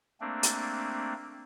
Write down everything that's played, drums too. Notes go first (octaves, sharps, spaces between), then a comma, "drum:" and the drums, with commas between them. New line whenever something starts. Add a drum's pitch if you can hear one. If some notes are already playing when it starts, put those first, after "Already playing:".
A3 A#3 C4 D4
drum: hi-hat